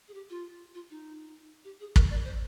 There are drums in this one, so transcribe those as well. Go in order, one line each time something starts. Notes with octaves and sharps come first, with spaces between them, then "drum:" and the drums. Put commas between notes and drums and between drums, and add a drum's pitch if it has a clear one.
G#4
G4
F4
F4
D#4
G4
G#4
A#4, drum: kick
D5
C5